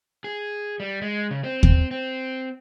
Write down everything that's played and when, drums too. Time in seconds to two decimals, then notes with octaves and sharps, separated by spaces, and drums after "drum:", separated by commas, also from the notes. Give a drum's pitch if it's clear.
0.24 G#4
0.80 G3
1.02 G#3
1.31 C#3
1.44 C4
1.63 C4, drum: kick D#2
1.91 C4